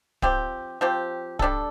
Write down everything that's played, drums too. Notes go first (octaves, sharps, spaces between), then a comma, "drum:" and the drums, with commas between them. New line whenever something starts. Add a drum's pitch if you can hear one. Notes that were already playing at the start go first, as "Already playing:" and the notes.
F3 C4 G4, drum: kick D1
F3 C4 G4
G3 D4 A4, drum: kick D1